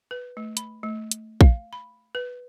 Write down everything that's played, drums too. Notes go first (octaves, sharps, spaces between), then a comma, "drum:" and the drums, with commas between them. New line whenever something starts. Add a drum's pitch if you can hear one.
B4
A3
B5, drum: hi-hat
A3
drum: hi-hat
F5, drum: kick
B5
B4